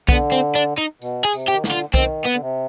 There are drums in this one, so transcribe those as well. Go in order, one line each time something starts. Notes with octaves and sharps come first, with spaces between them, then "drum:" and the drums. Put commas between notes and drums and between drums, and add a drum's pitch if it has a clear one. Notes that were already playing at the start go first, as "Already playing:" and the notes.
D3 B3, drum: kick B1, tambourine
C4
D4
D#4
B2, drum: tambourine
G#4
C3, drum: tambourine
G4
D#3
D3, drum: snare
F4
D#3 C4, drum: kick B1
B3
D3
C3